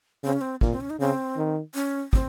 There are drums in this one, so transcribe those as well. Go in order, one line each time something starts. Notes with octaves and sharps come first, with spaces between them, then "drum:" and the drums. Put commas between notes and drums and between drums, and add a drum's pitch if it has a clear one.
C#3 C4
C#4
C4
A#2 A#3, drum: kick
C4
C#4
D#4
C#3 C4
D#3
C#4
C4, drum: kick